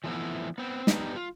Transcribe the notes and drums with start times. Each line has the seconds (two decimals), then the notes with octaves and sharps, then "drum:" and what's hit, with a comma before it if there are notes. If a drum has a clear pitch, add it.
0.04 E3 F3 A3 B3 C4 E4
0.58 B3 C4
0.87 B3 D4 D#4 G4, drum: snare
1.16 F4